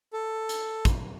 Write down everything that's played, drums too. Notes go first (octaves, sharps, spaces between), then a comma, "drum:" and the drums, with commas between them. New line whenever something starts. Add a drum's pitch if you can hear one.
A4
drum: hi-hat
drum: kick, hi-hat